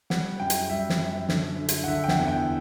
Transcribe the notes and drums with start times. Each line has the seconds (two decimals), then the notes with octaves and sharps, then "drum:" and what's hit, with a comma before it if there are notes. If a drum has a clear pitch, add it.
0.10 G3 F#5, drum: snare
0.40 F#2 G5
0.50 drum: hi-hat
0.69 G3 E5
0.89 drum: snare
0.99 F#2
1.29 D3, drum: snare
1.59 D3
1.69 drum: hi-hat
1.84 F#5
1.88 D3 E5
2.04 G5
2.08 F#5, drum: snare
2.19 E2
2.28 G5